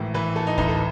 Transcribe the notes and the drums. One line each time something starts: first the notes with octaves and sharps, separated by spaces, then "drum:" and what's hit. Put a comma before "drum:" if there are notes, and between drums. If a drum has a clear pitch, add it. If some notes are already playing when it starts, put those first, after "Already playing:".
Already playing: G#1 A2 E3
E3 B4
A3 A4
D#4
A1 D#4, drum: kick D2
A4